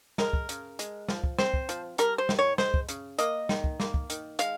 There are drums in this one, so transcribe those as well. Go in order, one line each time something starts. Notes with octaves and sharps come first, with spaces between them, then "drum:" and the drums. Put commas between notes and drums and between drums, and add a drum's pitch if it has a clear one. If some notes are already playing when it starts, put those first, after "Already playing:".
G#3 A#4, drum: snare
drum: kick
C#3, drum: hi-hat
G#3, drum: hi-hat
F3, drum: snare
drum: kick
C4 C5, drum: snare
drum: kick
F3, drum: hi-hat
G3 A#4, drum: hi-hat
C5
D#3, drum: snare
C#5
G#3 C5, drum: snare
drum: kick
C#3, drum: hi-hat
A#3 D#5, drum: hi-hat
D#3, drum: snare
drum: kick
A#3, drum: snare
drum: kick
D#3, drum: hi-hat
G#3 F5, drum: hi-hat